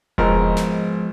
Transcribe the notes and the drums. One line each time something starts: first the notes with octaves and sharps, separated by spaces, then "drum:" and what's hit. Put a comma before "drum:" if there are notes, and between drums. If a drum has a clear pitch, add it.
G#1 F3 G#3 B3 A#4, drum: kick E1
drum: snare